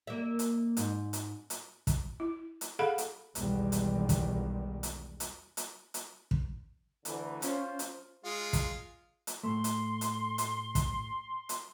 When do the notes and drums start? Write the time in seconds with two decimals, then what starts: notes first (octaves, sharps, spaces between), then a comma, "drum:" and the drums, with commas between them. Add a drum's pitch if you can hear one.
0.07 A#3 E5
0.39 drum: hi-hat
0.77 G#2, drum: hi-hat
1.13 drum: hi-hat
1.50 drum: hi-hat
1.87 drum: kick, hi-hat
2.20 E4
2.61 drum: hi-hat
2.79 G#4 A4 F5 F#5 B5
2.98 drum: hi-hat
3.35 B1 E2 B2 D#3 G3 G#3, drum: hi-hat
3.72 drum: hi-hat
4.09 drum: kick, hi-hat
4.83 drum: hi-hat
5.20 drum: hi-hat
5.57 drum: hi-hat
5.94 drum: hi-hat
6.31 drum: kick
7.05 D2 D3 E3, drum: hi-hat
7.42 C#4 F4 C5, drum: hi-hat
7.79 drum: hi-hat
8.25 G#3 F4
8.53 drum: kick, hi-hat
9.27 drum: hi-hat
9.43 A2 A3 C6
9.64 drum: hi-hat
10.01 drum: hi-hat
10.38 drum: hi-hat
10.75 drum: kick, hi-hat
11.49 drum: hi-hat